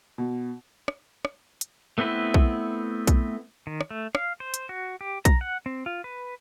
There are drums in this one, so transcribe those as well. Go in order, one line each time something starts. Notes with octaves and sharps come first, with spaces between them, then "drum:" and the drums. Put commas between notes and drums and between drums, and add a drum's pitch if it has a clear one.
B2
drum: rim click
drum: rim click
drum: hi-hat
A3 B3 C4 E4 B4
drum: kick B1
drum: kick B1, hi-hat
D#3
drum: rim click
A3
F5, drum: rim click
C5
drum: hi-hat
F#4
G4
A#5, drum: kick B1, hi-hat
F#5
C4
F4
B4